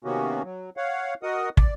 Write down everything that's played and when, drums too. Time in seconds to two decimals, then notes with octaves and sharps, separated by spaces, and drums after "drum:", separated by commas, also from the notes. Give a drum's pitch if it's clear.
0.04 C3 D#3 A#3 B3 C#4 F#4
0.43 F#3
0.77 C#5 F5 F#5
1.23 F#4 A#4 D#5 F#5 D#6
1.57 D5, drum: kick